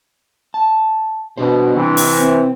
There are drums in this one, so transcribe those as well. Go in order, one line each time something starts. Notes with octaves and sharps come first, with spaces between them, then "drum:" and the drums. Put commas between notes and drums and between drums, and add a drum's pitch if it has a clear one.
A5
B2 D4 G4 C5
C3 E3
drum: open hi-hat
C4